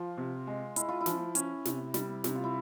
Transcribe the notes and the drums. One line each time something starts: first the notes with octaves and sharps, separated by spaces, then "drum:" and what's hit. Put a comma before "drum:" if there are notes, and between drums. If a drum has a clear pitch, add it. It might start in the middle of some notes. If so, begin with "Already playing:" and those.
Already playing: F3 F4
C3
G#3
G#3 E4, drum: hi-hat
F4
E4
F3, drum: snare
C#4, drum: hi-hat
C3, drum: snare
G3, drum: snare
C3, drum: snare
F4
E4